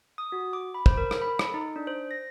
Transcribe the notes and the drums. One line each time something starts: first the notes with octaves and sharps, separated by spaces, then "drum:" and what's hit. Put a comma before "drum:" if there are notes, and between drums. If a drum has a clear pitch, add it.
D#6
F#4
D6
B5
C5, drum: kick
A#4
drum: rim click
B5
A4, drum: rim click
D#4
D4
C5
A#6